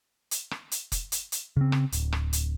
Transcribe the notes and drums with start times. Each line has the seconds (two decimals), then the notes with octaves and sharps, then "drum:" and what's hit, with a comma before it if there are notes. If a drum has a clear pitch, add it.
0.31 drum: hi-hat
0.51 drum: rim click
0.72 drum: hi-hat
0.92 drum: kick F1, hi-hat
1.12 drum: hi-hat
1.32 drum: hi-hat
1.57 C#3 C4
1.72 drum: rim click
1.92 D1, drum: hi-hat
2.13 drum: rim click
2.33 drum: hi-hat